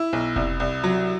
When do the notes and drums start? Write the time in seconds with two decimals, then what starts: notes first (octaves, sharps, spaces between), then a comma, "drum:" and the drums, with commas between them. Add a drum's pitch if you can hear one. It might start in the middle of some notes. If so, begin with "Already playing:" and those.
Already playing: E4
0.13 B1
0.36 C2, drum: kick F1
0.60 C2
0.84 F#3